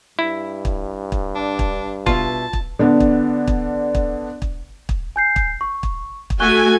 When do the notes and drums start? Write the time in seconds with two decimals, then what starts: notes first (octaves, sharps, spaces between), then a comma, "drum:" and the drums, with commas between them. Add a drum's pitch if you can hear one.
0.19 G2 E4
0.65 drum: kick
1.12 drum: kick
1.36 D4
1.59 drum: kick
2.07 B2 F4 E5 A5, drum: kick
2.53 drum: kick
2.79 D3 B3 D4
3.00 drum: kick
3.48 drum: kick
3.95 drum: kick
4.42 drum: kick
4.89 drum: kick
5.16 G#5 G6 C7
5.36 drum: kick
5.61 C#6
5.83 drum: kick
6.30 drum: kick
6.40 A3 F#4 G#5 C#6 F#6 G7